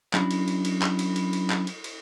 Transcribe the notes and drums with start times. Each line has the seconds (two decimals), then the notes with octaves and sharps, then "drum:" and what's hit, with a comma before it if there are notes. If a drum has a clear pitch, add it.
0.14 F#3 C#4 D4 E4 F#4, drum: clap
0.31 drum: cymbal
0.48 drum: cymbal
0.65 drum: cymbal
0.82 drum: clap
0.99 drum: cymbal
1.16 drum: cymbal
1.33 drum: cymbal
1.50 drum: clap
1.67 drum: cymbal
1.84 drum: cymbal